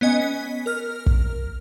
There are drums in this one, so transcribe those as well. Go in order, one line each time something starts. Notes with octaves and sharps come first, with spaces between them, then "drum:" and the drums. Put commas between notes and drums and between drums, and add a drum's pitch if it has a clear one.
B3 C#4 D#5 G#5
B6
A#4 F6
drum: kick